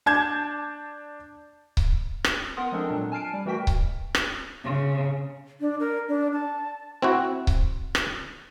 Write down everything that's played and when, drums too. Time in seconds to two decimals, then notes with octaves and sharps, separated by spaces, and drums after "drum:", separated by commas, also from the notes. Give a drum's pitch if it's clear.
0.06 D4 A5 G6 G#6
1.77 drum: kick C#1
2.24 drum: rim click
2.56 B3 A#4 F#5 C6 D#6
2.72 F3 G#3 C4 D4 A4 A#4
2.88 A#2 F#3 D4
3.12 G#5 A5 F6 C7 D7
3.33 G3
3.45 E3 A3 F#4 A#4 G5 B6
3.67 drum: kick C#1
4.15 drum: rim click
4.63 C#3
5.61 D4
5.80 A#4
6.08 D4
6.33 A5
7.02 C4 E4 F#4
7.47 drum: kick C#1
7.95 drum: rim click